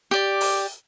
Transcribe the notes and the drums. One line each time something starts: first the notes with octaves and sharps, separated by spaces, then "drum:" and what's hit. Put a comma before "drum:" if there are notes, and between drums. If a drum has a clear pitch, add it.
G4 D5
drum: open hi-hat